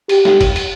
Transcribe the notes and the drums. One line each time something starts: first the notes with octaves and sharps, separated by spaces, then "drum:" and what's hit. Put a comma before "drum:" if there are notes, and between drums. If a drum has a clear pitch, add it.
G4, drum: cymbal
drum: snare
drum: kick, cymbal
drum: cymbal